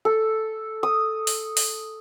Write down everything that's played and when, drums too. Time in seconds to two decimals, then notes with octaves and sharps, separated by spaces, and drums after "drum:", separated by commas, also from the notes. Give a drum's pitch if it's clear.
0.05 A4
0.83 D#6
1.27 drum: open hi-hat
1.57 drum: open hi-hat